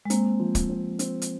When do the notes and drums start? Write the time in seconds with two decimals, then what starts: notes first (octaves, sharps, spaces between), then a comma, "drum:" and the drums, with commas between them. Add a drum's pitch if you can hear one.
0.05 G#3
0.10 A#3 C4, drum: hi-hat
0.40 F3
0.55 drum: kick, hi-hat
0.70 C4
0.99 C4, drum: hi-hat
1.22 drum: hi-hat